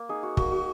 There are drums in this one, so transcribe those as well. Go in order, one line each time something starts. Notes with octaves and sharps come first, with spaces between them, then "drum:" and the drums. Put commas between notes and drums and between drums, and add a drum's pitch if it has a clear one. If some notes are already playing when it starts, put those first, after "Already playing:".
Already playing: A#3
D#4 G#4
F#4
A#3 F#4, drum: kick
F#4